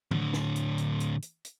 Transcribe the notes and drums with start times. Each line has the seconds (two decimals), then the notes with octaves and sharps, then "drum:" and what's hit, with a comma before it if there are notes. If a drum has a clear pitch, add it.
0.11 A2 D3, drum: tom D#3
0.33 drum: snare
0.56 drum: hi-hat
0.78 drum: hi-hat
1.00 drum: hi-hat
1.22 drum: hi-hat
1.45 drum: hi-hat